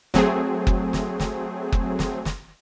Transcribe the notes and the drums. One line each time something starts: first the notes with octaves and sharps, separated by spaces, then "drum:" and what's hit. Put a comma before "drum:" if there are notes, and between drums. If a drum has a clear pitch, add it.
F#3 A3 C4 G#4, drum: snare
drum: kick F#1
drum: snare
drum: snare
drum: kick F#1
drum: snare
drum: snare